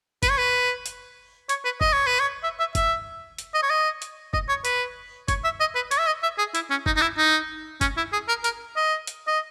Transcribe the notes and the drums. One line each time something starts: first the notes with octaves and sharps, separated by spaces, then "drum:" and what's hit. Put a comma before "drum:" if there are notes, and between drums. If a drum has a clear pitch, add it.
B4, drum: kick, hi-hat
C#5
B4
drum: hi-hat
C#5, drum: hi-hat
B4
D#5, drum: kick
C#5
B4
C#5
E5
E5
E5, drum: kick, hi-hat
drum: hi-hat
D#5
C#5
D#5
drum: hi-hat
D#5, drum: kick
C#5
B4, drum: hi-hat
C#5, drum: kick, hi-hat
E5
D#5
B4
C#5, drum: hi-hat
E5
D#5
E5
G#4
E4, drum: hi-hat
C#4
D#4, drum: kick
D#4
E4
D#4
C#4, drum: kick, hi-hat
E4
G#4
A#4
A#4, drum: hi-hat
D#5
drum: hi-hat
D#5